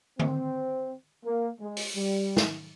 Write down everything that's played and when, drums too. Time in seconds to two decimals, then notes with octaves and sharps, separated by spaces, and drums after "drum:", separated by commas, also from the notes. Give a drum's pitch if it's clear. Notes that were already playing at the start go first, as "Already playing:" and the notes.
0.19 C4, drum: tom D3
1.25 A#3
1.61 G#3
1.77 drum: open hi-hat
1.96 G3
2.37 drum: snare